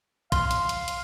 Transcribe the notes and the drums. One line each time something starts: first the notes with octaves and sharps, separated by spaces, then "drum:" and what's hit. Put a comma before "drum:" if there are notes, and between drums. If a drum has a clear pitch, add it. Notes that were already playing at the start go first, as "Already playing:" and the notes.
F5 C6, drum: kick, hi-hat
drum: hi-hat
drum: hi-hat
drum: hi-hat